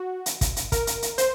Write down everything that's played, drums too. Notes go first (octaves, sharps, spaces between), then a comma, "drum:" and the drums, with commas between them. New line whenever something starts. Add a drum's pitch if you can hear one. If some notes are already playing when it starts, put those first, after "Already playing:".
Already playing: F#4
drum: hi-hat
drum: kick, hi-hat
drum: hi-hat
A#4, drum: kick, hi-hat
drum: hi-hat
drum: hi-hat
C5, drum: hi-hat